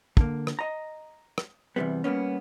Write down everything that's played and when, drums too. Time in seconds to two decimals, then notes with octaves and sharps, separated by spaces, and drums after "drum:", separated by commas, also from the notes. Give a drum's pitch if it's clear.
0.17 D3 A#3, drum: kick
0.47 drum: rim click
0.59 D#5 A#5
1.38 drum: rim click
1.76 E2 G2 C3 G3 B3
2.04 G3 A#3 B3 C#4